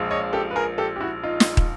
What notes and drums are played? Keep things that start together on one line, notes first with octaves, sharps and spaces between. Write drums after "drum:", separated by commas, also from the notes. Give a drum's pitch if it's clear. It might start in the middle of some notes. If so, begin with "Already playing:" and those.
Already playing: A#1 A#2 F3 G#3
C#5 D#5
G4 A4
B4
G#4 A#4
G4 A4
G4
E4 F#4
D#4 F4
drum: snare
drum: kick